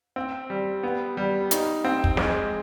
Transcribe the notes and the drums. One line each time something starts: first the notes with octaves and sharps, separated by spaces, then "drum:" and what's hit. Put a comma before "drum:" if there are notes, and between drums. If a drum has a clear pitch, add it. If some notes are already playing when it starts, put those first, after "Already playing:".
C4
G3
B3
G3
D#4, drum: hi-hat
C4
drum: kick
G#3, drum: snare